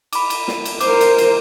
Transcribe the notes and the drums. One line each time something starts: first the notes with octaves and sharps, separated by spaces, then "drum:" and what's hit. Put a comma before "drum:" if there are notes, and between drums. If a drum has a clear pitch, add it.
B5 D6, drum: cymbal
drum: cymbal
drum: snare
drum: cymbal
A#4 C5 D6, drum: cymbal
drum: cymbal
drum: cymbal